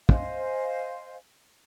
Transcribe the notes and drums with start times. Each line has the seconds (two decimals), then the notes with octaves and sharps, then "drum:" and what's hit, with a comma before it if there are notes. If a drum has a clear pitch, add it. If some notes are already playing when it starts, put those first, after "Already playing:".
0.09 C5 D#5 F5 G#5, drum: kick